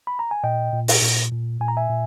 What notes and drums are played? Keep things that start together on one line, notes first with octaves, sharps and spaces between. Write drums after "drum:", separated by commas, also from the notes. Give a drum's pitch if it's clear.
B5
A#5
G#5
A#2 D#5 G5
A#2
drum: open hi-hat
A#2
A#2
A#2 G#5
A#5
E5 G#5
A#2